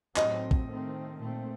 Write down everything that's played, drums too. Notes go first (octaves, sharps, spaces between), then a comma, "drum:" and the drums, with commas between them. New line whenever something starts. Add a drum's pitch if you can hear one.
A2 F#3 A3 C4 D#5, drum: clap
drum: kick A1
D#3 A3 C4
A#2 A3 C4